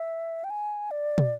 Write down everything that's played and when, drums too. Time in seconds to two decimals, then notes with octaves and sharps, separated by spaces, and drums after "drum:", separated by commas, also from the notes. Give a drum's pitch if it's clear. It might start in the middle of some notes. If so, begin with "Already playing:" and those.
Already playing: E5
0.44 G5
0.50 G#5
0.91 D5
1.18 drum: tom